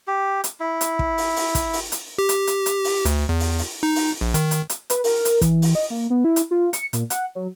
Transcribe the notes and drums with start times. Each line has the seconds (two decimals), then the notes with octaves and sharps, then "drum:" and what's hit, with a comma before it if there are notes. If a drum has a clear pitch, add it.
0.07 G4
0.44 drum: hi-hat
0.60 E4
0.81 drum: hi-hat
0.99 drum: kick
1.18 drum: open hi-hat
1.36 drum: open hi-hat
1.55 drum: kick, hi-hat
1.73 drum: open hi-hat
1.92 drum: hi-hat
2.18 G4
2.29 drum: hi-hat
2.47 drum: hi-hat
2.66 drum: hi-hat
2.84 drum: open hi-hat
3.05 D2, drum: hi-hat
3.29 E2
3.40 drum: open hi-hat
3.58 drum: open hi-hat
3.83 D#4
3.95 drum: open hi-hat
4.21 A#1
4.34 D#3, drum: hi-hat
4.51 drum: hi-hat
4.69 drum: hi-hat
4.90 B4, drum: hi-hat
5.04 A#4, drum: open hi-hat
5.25 drum: hi-hat
5.41 E3, drum: kick, hi-hat
5.62 drum: open hi-hat
5.75 D#5
5.90 A#3
6.10 B3
6.24 E4
6.36 drum: hi-hat
6.51 F4
6.73 C#7, drum: hi-hat
6.93 A#2, drum: hi-hat
7.10 F#5, drum: hi-hat
7.35 F#3